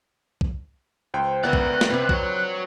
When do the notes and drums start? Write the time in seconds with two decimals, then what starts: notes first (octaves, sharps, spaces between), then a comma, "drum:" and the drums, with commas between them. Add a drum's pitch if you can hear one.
0.41 drum: kick
1.14 C#2 C5 G5
1.44 B3 A#4 B4 D5 E5 F#6
1.53 drum: kick
1.81 drum: snare
1.90 E2 C3 C4 D4 B4
2.09 F#4 C#5, drum: kick